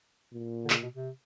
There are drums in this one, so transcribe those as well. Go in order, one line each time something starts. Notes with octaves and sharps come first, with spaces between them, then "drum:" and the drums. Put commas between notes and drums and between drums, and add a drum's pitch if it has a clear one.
A#2
D3
C#3, drum: clap
B2
C3